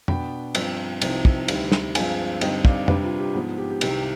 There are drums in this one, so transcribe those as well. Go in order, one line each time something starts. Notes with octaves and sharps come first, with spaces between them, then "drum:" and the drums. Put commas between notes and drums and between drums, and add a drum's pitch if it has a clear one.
B2 B3 D4 G5 B5, drum: tom F2
G2 F3 C4, drum: cymbal
C2 C3 F3 C4 D#4, drum: cymbal
drum: kick
D2 C3 D#3 G3, drum: cymbal
drum: snare
G2 F3 G#3 C4 F5 G#5, drum: cymbal
G2 D3 G3 C4 D#4 D#5 G5, drum: cymbal
D5 F5, drum: kick
C3 G3 D4 B4 D5, drum: tom F2
F4
G4
G#2 F3 B3
G4
G4
C2 C3 D#3 G4, drum: cymbal